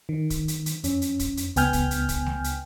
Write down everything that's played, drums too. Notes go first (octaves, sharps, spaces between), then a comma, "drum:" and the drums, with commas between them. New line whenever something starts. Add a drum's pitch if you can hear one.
D#3
drum: kick, hi-hat
drum: hi-hat
drum: hi-hat
F2 C#4, drum: hi-hat
drum: hi-hat
drum: kick, hi-hat
drum: hi-hat
C#2 B3 G5 G#5 F6 G6, drum: hi-hat
drum: kick, hi-hat
drum: hi-hat
drum: kick, hi-hat
drum: snare A3
drum: hi-hat